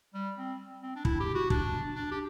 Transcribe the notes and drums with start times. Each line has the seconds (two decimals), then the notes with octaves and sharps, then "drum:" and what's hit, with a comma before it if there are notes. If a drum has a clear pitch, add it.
0.14 G3
0.37 C4
0.83 C4
0.96 D4
1.05 E4, drum: kick
1.20 G4
1.35 F#4
1.50 D4, drum: kick
1.96 D4
2.11 G4